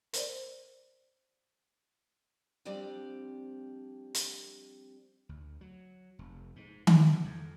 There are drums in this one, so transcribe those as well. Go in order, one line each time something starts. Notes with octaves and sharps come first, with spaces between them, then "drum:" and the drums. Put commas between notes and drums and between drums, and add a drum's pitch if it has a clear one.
A#4 C5 D5, drum: hi-hat
F3 G3 C4 D4 D5
drum: hi-hat
D2
F#3
F1
G#2
A#2, drum: tom D#3
F2